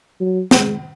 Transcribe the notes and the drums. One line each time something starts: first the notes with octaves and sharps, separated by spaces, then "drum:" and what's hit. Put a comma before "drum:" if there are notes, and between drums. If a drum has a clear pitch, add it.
F#3
G#3, drum: snare